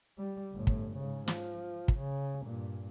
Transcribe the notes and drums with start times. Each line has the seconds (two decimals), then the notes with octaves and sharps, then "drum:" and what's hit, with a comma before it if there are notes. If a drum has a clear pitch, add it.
0.18 G3
0.53 G1 A2
0.67 drum: kick
0.96 G#2 C#3
1.28 F3, drum: snare
1.88 drum: kick
1.98 C#3
2.44 G2 A#2